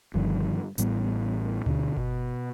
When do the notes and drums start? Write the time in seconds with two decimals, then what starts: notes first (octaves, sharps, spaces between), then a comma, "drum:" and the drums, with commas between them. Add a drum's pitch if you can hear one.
0.14 G2 D3 D#3 F3, drum: kick G1
0.78 A1 A2 G3 B3, drum: hi-hat
1.66 B2 D3, drum: tom D2
1.96 B2, drum: kick G1